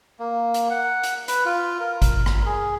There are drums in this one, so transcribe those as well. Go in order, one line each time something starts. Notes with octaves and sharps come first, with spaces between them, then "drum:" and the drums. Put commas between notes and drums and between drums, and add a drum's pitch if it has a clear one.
A#3
drum: hi-hat
F#5
drum: hi-hat
B4, drum: hi-hat
F4
A#4
drum: kick G#1, hi-hat
drum: rim click
G#4